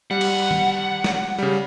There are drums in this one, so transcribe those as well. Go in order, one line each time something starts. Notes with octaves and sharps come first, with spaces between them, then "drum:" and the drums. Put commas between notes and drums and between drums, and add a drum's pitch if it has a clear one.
G3 F#5
drum: cymbal
drum: tom D#3
drum: snare
C#3 G3